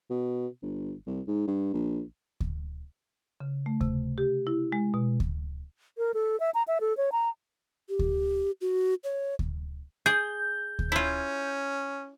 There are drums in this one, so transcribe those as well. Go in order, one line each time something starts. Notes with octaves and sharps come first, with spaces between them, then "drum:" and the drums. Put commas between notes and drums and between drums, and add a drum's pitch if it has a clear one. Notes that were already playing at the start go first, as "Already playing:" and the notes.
B2
G1
C2
G#2
G2
A#1
drum: kick D2
C#3
A3
C3, drum: kick D2
G4
E4
G#3
B2
drum: kick D2
A#4
A4
E5
A#5
E5
A4
C#5
A#5
G4
drum: kick D2
F#4
C#5
drum: kick D2
G#4 G6
drum: kick D2
C#4 E4 F4